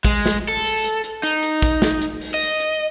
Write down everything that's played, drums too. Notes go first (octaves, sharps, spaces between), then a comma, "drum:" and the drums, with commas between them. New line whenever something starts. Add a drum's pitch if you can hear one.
G#3, drum: kick, hi-hat
drum: snare
A4
drum: open hi-hat
drum: hi-hat
drum: hi-hat
D#4, drum: hi-hat
drum: hi-hat
drum: kick, hi-hat
drum: snare
drum: hi-hat
drum: open hi-hat
D#5
drum: hi-hat